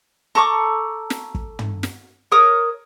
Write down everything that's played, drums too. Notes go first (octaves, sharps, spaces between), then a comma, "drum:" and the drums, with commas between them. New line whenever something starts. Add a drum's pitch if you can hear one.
A4 A#5 C#6 D6
drum: snare
drum: kick
drum: tom
drum: snare
A#4 C#5 D#6